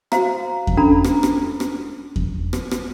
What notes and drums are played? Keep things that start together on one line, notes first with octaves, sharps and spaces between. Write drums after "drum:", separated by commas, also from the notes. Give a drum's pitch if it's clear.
F#4 C5 F5 A#5, drum: rim click
drum: kick E2
C#4 D4 A4 A#5 B5
drum: rim click
drum: rim click
drum: rim click
drum: kick E2
drum: rim click
drum: rim click